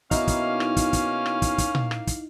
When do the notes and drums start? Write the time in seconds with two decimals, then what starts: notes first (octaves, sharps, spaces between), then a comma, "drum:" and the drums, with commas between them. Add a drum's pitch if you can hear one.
0.11 B2 A#3 C#4 D#4 E4 F5, drum: kick, hi-hat
0.28 drum: kick, hi-hat
0.60 drum: rim click
0.77 drum: kick, hi-hat
0.93 drum: kick, hi-hat
1.26 drum: rim click
1.42 drum: kick, hi-hat
1.58 drum: kick, hi-hat
1.75 drum: tom A#2
1.91 drum: rim click
2.07 drum: kick, hi-hat